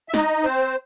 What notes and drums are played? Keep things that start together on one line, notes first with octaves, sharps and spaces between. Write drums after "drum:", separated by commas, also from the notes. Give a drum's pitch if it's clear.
E5
D#4 D#5, drum: snare
C4 C5